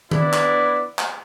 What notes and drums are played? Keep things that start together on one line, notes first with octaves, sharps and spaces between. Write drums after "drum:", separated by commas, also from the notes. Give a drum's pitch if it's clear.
B3 D4 E4 B4 D5, drum: tom D#3
drum: clap
drum: clap